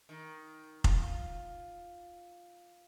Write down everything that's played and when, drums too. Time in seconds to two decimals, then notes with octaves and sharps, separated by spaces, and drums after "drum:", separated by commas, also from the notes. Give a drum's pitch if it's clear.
0.09 D#3
0.84 F4, drum: kick F1